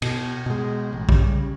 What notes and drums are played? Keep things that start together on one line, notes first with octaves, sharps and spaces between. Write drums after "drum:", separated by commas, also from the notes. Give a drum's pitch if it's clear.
B2, drum: cymbal
B2 G#3
A1
C#3 G3, drum: kick